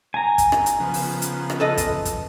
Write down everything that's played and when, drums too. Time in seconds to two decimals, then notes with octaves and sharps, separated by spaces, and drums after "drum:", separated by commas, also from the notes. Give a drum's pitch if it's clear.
0.14 G#5 A#5
0.38 drum: kick, hi-hat
0.52 drum: rim click
0.66 drum: hi-hat
0.80 C#3 F3 B3
0.94 drum: open hi-hat
1.22 drum: hi-hat
1.50 drum: rim click
1.60 A4 B4 D#5
1.77 drum: kick, hi-hat
2.05 drum: kick, hi-hat